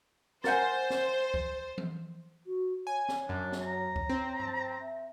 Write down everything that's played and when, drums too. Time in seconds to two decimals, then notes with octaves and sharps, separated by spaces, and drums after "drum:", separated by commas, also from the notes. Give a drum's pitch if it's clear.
0.44 A#4 C5 F#5 G#5 G6 A6, drum: snare
0.90 drum: snare
1.34 drum: kick C#2
1.78 drum: tom E3
2.47 F#4
2.87 C#5 G#5
3.09 drum: snare
3.29 F#2 D4
3.52 drum: snare
3.61 A#5
3.96 drum: kick C#2
4.10 C4
4.39 drum: tom G2
4.81 E5